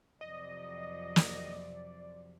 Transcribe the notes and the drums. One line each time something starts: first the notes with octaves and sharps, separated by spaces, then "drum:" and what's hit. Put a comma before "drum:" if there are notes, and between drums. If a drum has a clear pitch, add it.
F2 C3 F#3 D5 D#5
drum: snare